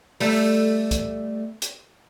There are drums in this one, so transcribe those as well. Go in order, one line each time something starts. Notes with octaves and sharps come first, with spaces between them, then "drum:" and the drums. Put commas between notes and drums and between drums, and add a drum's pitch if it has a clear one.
G3 A3, drum: open hi-hat
drum: kick, hi-hat
drum: hi-hat